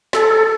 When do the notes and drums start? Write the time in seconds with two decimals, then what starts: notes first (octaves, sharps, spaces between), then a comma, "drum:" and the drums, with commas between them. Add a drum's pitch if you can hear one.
0.13 A4, drum: snare